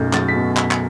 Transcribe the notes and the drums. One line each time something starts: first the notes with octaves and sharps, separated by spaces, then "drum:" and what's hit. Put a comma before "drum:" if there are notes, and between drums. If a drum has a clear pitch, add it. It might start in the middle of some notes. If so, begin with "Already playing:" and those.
Already playing: B1 F#2 A3 G6
F#3 A6, drum: clap
B6
B2
drum: clap
drum: clap